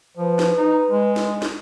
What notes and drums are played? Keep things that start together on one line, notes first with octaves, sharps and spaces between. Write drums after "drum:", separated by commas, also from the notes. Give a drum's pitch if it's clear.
F3 B4
drum: snare
D#4
G#3
drum: snare
drum: snare